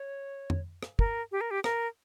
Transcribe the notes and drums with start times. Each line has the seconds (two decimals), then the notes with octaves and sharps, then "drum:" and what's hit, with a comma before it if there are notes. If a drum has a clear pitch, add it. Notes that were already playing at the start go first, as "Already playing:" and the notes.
Already playing: C#5
0.50 drum: tom
0.83 drum: rim click
0.99 A#4, drum: kick
1.32 G4
1.41 A#4
1.51 G4
1.64 A#4, drum: rim click